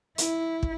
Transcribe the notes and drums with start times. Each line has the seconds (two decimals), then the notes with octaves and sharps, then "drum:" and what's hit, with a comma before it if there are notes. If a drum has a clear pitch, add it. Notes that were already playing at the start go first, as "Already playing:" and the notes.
0.18 E4, drum: hi-hat
0.63 drum: kick